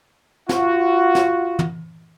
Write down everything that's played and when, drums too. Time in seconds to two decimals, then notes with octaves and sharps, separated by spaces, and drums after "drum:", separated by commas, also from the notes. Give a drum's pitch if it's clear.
0.49 F4 F#4, drum: snare
1.15 drum: snare
1.59 drum: tom